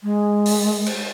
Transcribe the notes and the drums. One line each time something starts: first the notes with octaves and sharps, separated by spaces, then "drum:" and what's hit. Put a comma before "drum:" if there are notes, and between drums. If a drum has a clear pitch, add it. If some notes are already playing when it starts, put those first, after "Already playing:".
G#3
drum: open hi-hat
drum: cymbal